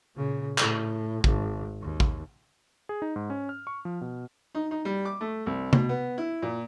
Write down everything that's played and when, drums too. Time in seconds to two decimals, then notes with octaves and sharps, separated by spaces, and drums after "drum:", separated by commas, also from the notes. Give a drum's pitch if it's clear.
0.15 A#2 C#3
0.58 A2, drum: clap
1.24 G#1, drum: kick
1.82 D#2
2.00 drum: kick
2.89 G#4
3.02 D#4
3.16 G#2
3.30 C#4
3.49 F6
3.67 C#6
3.85 F3
4.01 B2
4.55 D#4
4.71 D#4
4.85 G3
5.05 D6
5.21 A3
5.46 C2
5.73 B2, drum: tom C3
5.89 B3
6.18 E4
6.42 A#2